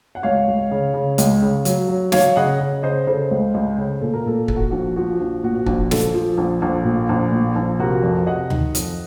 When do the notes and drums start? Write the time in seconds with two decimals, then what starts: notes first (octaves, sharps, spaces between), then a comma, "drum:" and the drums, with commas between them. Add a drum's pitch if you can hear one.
0.15 F#5
0.23 C#2 C#5 F5
0.47 C#2
0.71 C#3
0.94 C#3
1.18 C#2, drum: hi-hat
1.42 C#3
1.65 F#3, drum: hi-hat
1.88 F#3
2.12 F#3 C#5 F5, drum: snare
2.36 C#3 D#5 F#5
2.60 C#3
2.83 C#3 C5 D#5
3.07 C#3 A4 C5
3.31 C#2
3.54 C#2
3.78 C#3
4.01 A#2 A4
4.14 A#4
4.26 A#2 A4
4.48 A#2 A4, drum: kick
4.56 F#4
4.71 A#1 F#4
4.96 F3 F#4
5.20 A#1
5.43 A#2 F#4
5.66 A#1, drum: kick
5.91 A#1 A4, drum: snare
6.14 F3
6.38 A#1
6.62 A#1
6.85 A#2
7.09 A#1
7.32 A#2
7.56 A#1
7.79 C3 F#4 A#4
8.03 F2
8.26 C3 D#5 F#5
8.50 D#3, drum: tom D2
8.75 F2, drum: hi-hat